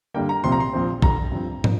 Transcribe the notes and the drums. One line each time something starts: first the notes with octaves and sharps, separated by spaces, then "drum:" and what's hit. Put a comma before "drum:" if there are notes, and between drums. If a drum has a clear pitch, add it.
G2 D3 G3 A#3 G5
A#5
C2 A#2 F3 C4 C6
A#5
C6
A#1 A#2 F3 C4
G2 D3 G3 A#5, drum: kick
G2 F3 C4
F3, drum: tom